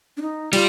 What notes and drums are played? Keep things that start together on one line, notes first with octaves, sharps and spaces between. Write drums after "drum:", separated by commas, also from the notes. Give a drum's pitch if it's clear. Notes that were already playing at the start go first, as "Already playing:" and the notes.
D4
D#4
G3 F4, drum: cymbal